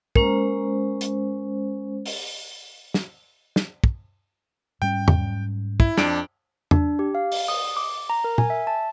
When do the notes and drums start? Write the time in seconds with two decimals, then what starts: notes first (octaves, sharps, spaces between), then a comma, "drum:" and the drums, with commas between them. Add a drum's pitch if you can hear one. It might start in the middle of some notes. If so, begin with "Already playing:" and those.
0.16 G#3 C#4 A#4 C5, drum: kick
1.01 drum: hi-hat
2.06 drum: open hi-hat
2.94 drum: snare
3.56 drum: snare
3.84 drum: kick
4.82 G#2 G3 C#4 G5
5.08 drum: tom E2
5.80 E4, drum: kick
5.97 F2 D4 D7, drum: snare
6.71 D4, drum: tom E2
6.99 G4
7.15 F5
7.32 drum: open hi-hat
7.48 D#6, drum: open hi-hat
7.77 D6
8.10 A#5
8.24 A#4
8.38 G#5, drum: tom
8.50 E5
8.67 A5